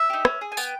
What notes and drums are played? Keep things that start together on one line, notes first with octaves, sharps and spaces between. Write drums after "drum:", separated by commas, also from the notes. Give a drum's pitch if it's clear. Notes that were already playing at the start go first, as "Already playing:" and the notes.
Already playing: E5
D#4 G4
C#4, drum: rim click
G#4
G#5
B3 G5, drum: tambourine